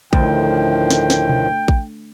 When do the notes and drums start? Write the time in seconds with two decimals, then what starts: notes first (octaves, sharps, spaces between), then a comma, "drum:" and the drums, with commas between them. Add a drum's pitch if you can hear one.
0.13 D2 A2 D#3 F3 G5, drum: kick A1
0.90 drum: snare
1.10 drum: snare
1.29 drum: tom B2
1.68 drum: kick A1